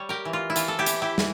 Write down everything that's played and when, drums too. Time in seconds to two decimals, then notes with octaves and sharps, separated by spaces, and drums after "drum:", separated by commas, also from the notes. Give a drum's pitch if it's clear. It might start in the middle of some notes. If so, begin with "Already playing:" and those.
Already playing: G3 C#5
0.09 G4 A#4
0.25 E3
0.33 F4
0.50 E4
0.56 E3 F4, drum: hi-hat
0.68 A4
0.79 E4 G4
0.86 E3, drum: hi-hat
1.02 E4 G4
1.18 E3, drum: snare